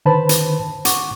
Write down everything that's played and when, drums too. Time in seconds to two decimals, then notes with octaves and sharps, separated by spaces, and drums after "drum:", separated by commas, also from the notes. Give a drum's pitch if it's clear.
0.06 D3 D#3 B4 C5 A5 B5
0.29 drum: hi-hat
0.85 F#5 C#6 D6, drum: hi-hat